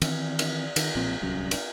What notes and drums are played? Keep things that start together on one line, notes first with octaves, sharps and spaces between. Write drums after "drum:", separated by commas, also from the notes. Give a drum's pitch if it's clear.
D#3 E3 C4, drum: cymbal
drum: cymbal
D#3, drum: cymbal
B1 A#2 F3 C4
D1 C2 F#3 C#4
drum: cymbal